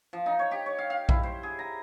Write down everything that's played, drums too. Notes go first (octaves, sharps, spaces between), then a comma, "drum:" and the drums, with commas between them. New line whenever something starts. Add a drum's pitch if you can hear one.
F3
D#4
C#5
G4
C#5
F5
F5
E4, drum: kick A#1
C5
G#4
A#5